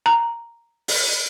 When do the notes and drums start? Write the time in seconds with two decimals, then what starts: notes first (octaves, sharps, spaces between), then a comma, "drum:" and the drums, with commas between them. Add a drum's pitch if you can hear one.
0.06 A#5
0.88 drum: open hi-hat